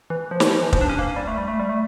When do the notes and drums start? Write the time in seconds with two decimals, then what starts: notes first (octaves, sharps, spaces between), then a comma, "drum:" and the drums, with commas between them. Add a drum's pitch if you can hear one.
0.10 E3
0.31 F3
0.40 E3, drum: snare
0.51 F3
0.63 E3
0.73 F3, drum: kick
0.81 D4
0.89 C#4
0.99 A#3
1.16 G3
1.27 A3
1.37 G3
1.48 A3
1.60 G3
1.69 A3